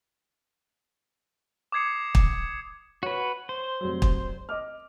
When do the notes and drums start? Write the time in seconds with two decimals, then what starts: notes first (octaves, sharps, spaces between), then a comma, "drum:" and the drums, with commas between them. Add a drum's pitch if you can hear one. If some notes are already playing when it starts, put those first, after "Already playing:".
1.72 D6 D#6 G#6 C7 C#7
2.15 drum: kick
3.03 F#4 B4 C#5
3.49 C5
3.81 F1 F#3
4.02 drum: kick
4.49 D#5 D6 F6